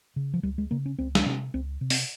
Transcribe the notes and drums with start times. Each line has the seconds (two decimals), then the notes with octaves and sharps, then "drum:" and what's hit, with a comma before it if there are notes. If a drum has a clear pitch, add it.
0.16 C#3
0.34 F3
0.43 C#2 G3
0.58 G#3
0.71 C#3 A#3
0.86 C#4
0.99 C#2 C4
1.15 drum: snare
1.26 C3 C#4
1.54 C#2 C4
1.81 C3
1.90 C4, drum: open hi-hat